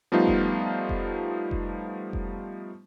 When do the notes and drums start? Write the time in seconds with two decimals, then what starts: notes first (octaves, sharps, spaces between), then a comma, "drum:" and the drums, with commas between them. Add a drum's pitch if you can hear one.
0.12 F3 G3 A3 B3 D#4 F4
0.27 drum: kick F1
0.89 drum: kick F1
1.51 drum: kick F1
2.13 drum: kick F1